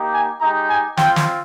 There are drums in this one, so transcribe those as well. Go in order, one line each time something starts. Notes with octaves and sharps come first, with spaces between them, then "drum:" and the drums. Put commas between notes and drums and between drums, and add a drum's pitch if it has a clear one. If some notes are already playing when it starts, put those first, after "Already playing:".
Already playing: A#3 D#4 G4
G#5
G#3 D#4 G4 A#5
G#5
C4 F4 G5, drum: snare
drum: snare